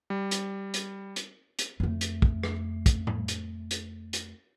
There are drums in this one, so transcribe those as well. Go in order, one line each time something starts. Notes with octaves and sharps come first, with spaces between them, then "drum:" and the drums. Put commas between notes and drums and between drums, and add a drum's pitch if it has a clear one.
G3
drum: hi-hat
drum: hi-hat
drum: hi-hat
drum: hi-hat
F2 A3
drum: hi-hat
drum: kick
drum: rim click
drum: kick, hi-hat
drum: tom A2
drum: hi-hat
drum: hi-hat
drum: hi-hat